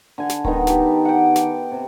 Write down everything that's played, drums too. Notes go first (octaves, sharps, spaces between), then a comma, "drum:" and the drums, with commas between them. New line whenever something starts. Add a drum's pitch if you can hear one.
D3 G#5
drum: snare
D#3 G#3 B3 D#4, drum: kick D1
G4 A5, drum: snare
F#5 G5
D6, drum: snare
C3